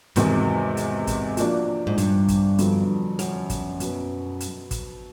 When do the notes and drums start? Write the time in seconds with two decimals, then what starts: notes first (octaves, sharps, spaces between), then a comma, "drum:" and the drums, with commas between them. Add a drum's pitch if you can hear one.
0.16 E2 G#2 C3 D#3 F#3, drum: hi-hat
0.77 drum: hi-hat
1.07 drum: kick, hi-hat
1.37 F3 A#3 D4 F#4, drum: hi-hat
1.87 G#2
1.98 G2, drum: hi-hat
2.28 drum: kick, hi-hat
2.58 F2 D3 F#3 B3, drum: hi-hat
3.19 F#2, drum: hi-hat
3.50 drum: kick, hi-hat
3.80 B2 F#3 B3, drum: hi-hat
4.40 drum: hi-hat
4.71 drum: kick, hi-hat